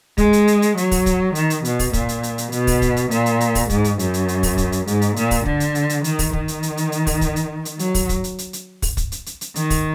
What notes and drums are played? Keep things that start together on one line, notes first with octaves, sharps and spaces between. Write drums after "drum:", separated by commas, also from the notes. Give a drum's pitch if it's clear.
G#3, drum: kick, hi-hat
drum: hi-hat
drum: hi-hat
drum: hi-hat
F#3, drum: hi-hat
drum: kick, open hi-hat
drum: kick, hi-hat
D#3, drum: hi-hat
drum: hi-hat
B2, drum: hi-hat
drum: kick, open hi-hat
A#2, drum: kick, hi-hat
drum: hi-hat
drum: hi-hat
drum: hi-hat
B2, drum: hi-hat
drum: kick, open hi-hat
drum: kick, hi-hat
drum: hi-hat
A#2, drum: hi-hat
drum: hi-hat
drum: hi-hat
drum: kick, open hi-hat
G#2, drum: kick, hi-hat
drum: hi-hat
F#2, drum: hi-hat
drum: hi-hat
drum: hi-hat
drum: kick, open hi-hat
drum: kick, hi-hat
drum: hi-hat
G#2, drum: hi-hat
drum: hi-hat
A#2, drum: hi-hat
drum: kick, open hi-hat
D3, drum: kick
drum: hi-hat
drum: hi-hat
drum: hi-hat
D#3, drum: hi-hat
drum: kick, open hi-hat
D#3, drum: kick
drum: hi-hat
drum: hi-hat
drum: hi-hat
drum: hi-hat
drum: kick, open hi-hat
drum: kick, hi-hat
drum: hi-hat
drum: hi-hat
F#3, drum: hi-hat
drum: kick, open hi-hat
drum: kick, hi-hat
drum: hi-hat
drum: hi-hat
drum: hi-hat
drum: kick, open hi-hat
drum: kick, hi-hat
drum: hi-hat
drum: hi-hat
drum: hi-hat
D#3, drum: hi-hat
drum: kick, open hi-hat